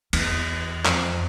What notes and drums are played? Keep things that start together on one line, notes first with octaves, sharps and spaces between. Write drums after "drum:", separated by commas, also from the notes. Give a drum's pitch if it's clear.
E2, drum: cymbal
F2, drum: clap